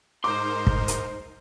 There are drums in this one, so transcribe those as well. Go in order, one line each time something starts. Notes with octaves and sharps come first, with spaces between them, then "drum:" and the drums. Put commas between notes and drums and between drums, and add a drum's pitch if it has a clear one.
G#2 D#4 A#4 C5 C6 D6
drum: kick
drum: hi-hat